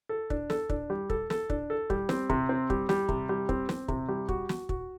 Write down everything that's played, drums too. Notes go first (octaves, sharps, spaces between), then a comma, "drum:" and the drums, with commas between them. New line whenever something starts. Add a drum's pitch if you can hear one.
A4
D4, drum: kick
A4, drum: snare
D4, drum: kick
G3
A4, drum: kick
A4, drum: snare
D4, drum: kick
A4
G3, drum: kick
C4, drum: snare
C3, drum: kick
C4
G3, drum: kick
G3, drum: snare
C3, drum: kick
G3
C4, drum: kick
C4, drum: snare
C3, drum: kick
G3
F#4, drum: kick
F#4, drum: snare
F#4, drum: kick